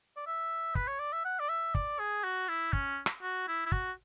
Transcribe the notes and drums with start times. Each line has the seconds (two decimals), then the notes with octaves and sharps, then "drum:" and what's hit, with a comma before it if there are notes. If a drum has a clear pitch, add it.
0.17 D5
0.26 E5
0.75 B4, drum: kick
0.87 C#5
0.99 D5
1.13 E5
1.25 F#5
1.40 D5
1.49 E5
1.75 D5, drum: kick
1.99 G#4
2.24 F#4
2.49 E4
2.73 C#4, drum: kick
3.06 drum: rim click
3.22 F#4
3.48 E4
3.66 E4
3.72 F#4, drum: kick